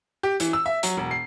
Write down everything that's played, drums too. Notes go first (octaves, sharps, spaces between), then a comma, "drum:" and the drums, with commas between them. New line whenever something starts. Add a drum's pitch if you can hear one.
G4
E3, drum: hi-hat
E6
E5
F#3, drum: hi-hat
E1
C7